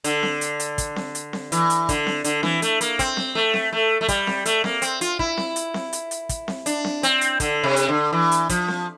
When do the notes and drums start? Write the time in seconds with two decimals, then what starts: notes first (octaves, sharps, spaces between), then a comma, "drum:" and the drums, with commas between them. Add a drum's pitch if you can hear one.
0.04 D3, drum: hi-hat
0.23 drum: snare C4
0.41 drum: hi-hat
0.60 drum: hi-hat
0.78 drum: kick, hi-hat
0.96 drum: snare C4
1.15 drum: hi-hat
1.33 drum: snare C4
1.52 E3, drum: hi-hat
1.70 drum: hi-hat
1.89 D3, drum: kick, hi-hat
2.07 drum: snare C4
2.24 D3, drum: hi-hat
2.43 E3, drum: snare C4
2.62 A3, drum: hi-hat
2.81 A#3, drum: hi-hat
2.99 C4, drum: kick, hi-hat
3.17 drum: snare C4
3.35 A3
3.54 drum: snare C4
3.73 A3
4.01 A3
4.08 G3, drum: kick, hi-hat
4.27 drum: snare C4
4.46 A3, drum: hi-hat
4.64 A#3, drum: snare C4
4.82 C4, drum: hi-hat
5.01 F4, drum: hi-hat
5.19 E4, drum: kick
5.37 drum: snare C4
5.56 drum: hi-hat
5.74 drum: snare C4
5.93 drum: hi-hat
6.11 drum: hi-hat
6.29 drum: kick, hi-hat
6.48 drum: snare C4
6.66 D4, drum: hi-hat
6.85 drum: snare C4
7.03 C4, drum: hi-hat
7.21 drum: hi-hat
7.40 D3, drum: kick, hi-hat
7.64 C3
7.76 drum: hi-hat
7.89 D3
8.13 E3
8.32 drum: hi-hat
8.49 F3, drum: kick, hi-hat
8.68 drum: snare C4